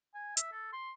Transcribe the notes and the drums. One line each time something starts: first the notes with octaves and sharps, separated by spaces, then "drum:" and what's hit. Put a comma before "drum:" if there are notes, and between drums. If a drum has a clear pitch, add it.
G#5
E5, drum: hi-hat
A4
C6